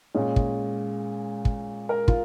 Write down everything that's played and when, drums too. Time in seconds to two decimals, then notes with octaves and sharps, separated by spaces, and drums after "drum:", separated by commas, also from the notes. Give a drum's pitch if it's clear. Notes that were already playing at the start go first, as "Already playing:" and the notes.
0.15 A#2 G#3 C#4
0.36 drum: kick
1.45 drum: kick
1.89 A#4
2.08 F4, drum: kick